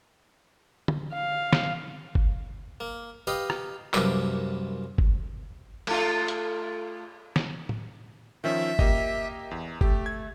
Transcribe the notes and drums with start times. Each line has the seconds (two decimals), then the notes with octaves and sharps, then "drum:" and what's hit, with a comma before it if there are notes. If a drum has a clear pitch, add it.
0.88 drum: tom
1.13 F5
1.53 drum: snare
2.15 drum: kick G1
2.80 A#3
3.27 G4 B4 D#5 F5
3.50 drum: rim click
3.94 C2 F#2 A#3 B4 D6, drum: clap
4.98 drum: kick G1
5.87 A3 F4, drum: cymbal
6.28 drum: hi-hat
7.36 drum: snare
7.69 drum: tom A2
8.44 D#3 F3 C#4 E5
8.79 A#3 G4 D#5, drum: kick G1
9.51 E2
9.81 A3 G4, drum: kick G1
10.06 G#6